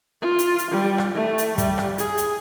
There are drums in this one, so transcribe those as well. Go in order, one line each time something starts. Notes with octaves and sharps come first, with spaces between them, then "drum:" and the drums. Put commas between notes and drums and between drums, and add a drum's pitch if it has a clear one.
F4
drum: hi-hat
drum: hi-hat
G3
drum: rim click
A3
drum: hi-hat
G3, drum: kick, hi-hat
drum: rim click
G#4, drum: hi-hat
drum: hi-hat